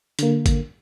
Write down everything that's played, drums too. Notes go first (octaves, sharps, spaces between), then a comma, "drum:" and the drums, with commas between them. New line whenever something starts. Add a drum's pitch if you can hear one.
D3 A#3, drum: hi-hat
drum: kick G#1, hi-hat